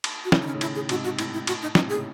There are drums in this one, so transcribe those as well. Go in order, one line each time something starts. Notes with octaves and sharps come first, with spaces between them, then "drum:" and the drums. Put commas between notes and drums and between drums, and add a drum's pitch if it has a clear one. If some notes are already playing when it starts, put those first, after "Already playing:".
drum: cymbal
F#4
C#3 E4, drum: snare
D#3 C#4 D#4
A2 C#3
E4, drum: cymbal
G#4
G#2 C3 F#4, drum: cymbal
F#4
A2 E4, drum: cymbal
E4
F#4, drum: cymbal
D#4
A2 D#4, drum: snare
G#2 C3
G#4
A2 C#3